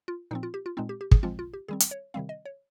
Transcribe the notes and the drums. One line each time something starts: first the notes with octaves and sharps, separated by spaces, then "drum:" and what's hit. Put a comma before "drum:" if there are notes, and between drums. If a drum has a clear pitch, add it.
F4
A#2 F3 C4 D#4
F4
G4
F4
A#2 G#3 C4 D#4
G4
G4
G#4, drum: kick
F3 G#3 C4 F4
F4
G4
D#3 G3 C4 G#4
drum: hi-hat
C#5
C3 D#3 G3 C4 F5
D#5
C#5